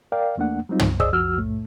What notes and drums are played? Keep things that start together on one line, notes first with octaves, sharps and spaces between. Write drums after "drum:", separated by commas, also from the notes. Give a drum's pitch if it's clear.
A#4 D5 F5 G5
E2 A3 A#3 D4 F#5
F#3 G3 C4 D#4 F4
drum: tom
G#4 C5 D5 D#5 D#6 E6, drum: kick
F3 F#4 E6 F6
A2 A3